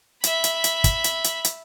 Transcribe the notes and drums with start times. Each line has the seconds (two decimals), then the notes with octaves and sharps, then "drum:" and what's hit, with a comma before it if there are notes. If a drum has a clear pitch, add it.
0.24 E5 B5, drum: hi-hat
0.44 drum: hi-hat
0.64 drum: hi-hat
0.84 drum: kick, hi-hat
1.04 drum: hi-hat
1.24 drum: hi-hat
1.45 drum: hi-hat